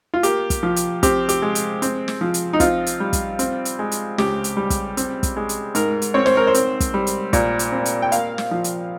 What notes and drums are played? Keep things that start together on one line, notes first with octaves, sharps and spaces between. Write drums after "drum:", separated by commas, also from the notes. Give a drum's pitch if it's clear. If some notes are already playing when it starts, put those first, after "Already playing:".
F4
A#3 G4, drum: hi-hat
drum: kick, hi-hat
F3
drum: hi-hat
C4 G4, drum: kick, hi-hat
G4, drum: hi-hat
G#3
drum: hi-hat
C4, drum: hi-hat
drum: snare
F3
drum: hi-hat
D#4
C4 F4, drum: kick, hi-hat
drum: hi-hat
G3
drum: kick, hi-hat
C4, drum: hi-hat
drum: hi-hat
G#3
drum: hi-hat
C#2 G4, drum: snare
drum: hi-hat
G3
drum: kick, hi-hat
C4, drum: hi-hat
drum: kick, hi-hat
G#3
drum: hi-hat
G#2 A#4, drum: hi-hat
drum: hi-hat
C4 C#5
C5, drum: snare
A#4
C5
C4, drum: hi-hat
drum: kick, hi-hat
G3
drum: hi-hat
A#2, drum: kick, hi-hat
drum: hi-hat
C4
drum: hi-hat
G5
A#3 F5, drum: hi-hat
drum: snare
F3
drum: hi-hat